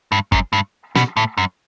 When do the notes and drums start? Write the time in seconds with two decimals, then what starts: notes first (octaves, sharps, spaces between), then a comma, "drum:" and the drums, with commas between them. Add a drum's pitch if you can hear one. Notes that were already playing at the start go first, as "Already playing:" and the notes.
0.12 G2
0.32 F#2, drum: kick
0.53 G2
0.96 B2, drum: snare
1.17 A2
1.38 F#2